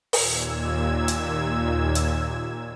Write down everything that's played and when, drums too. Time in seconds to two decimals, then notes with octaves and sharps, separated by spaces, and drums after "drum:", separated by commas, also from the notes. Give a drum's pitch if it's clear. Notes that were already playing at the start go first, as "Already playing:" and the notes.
0.13 D#2 A#2 E6 G#6, drum: open hi-hat
1.08 drum: hi-hat
1.95 drum: hi-hat